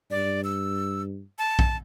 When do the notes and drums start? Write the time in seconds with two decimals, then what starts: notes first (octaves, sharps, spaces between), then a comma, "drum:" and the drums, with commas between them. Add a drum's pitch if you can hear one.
0.11 G2 D5
0.44 E6
1.39 A5
1.59 drum: kick A#1